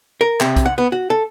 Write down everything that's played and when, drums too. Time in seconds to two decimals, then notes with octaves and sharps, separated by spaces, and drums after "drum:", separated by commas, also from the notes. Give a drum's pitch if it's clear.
0.21 A#4
0.40 C3, drum: clap
0.56 drum: kick B1, hi-hat
0.66 F#5
0.78 B3
0.92 F#4
1.10 A4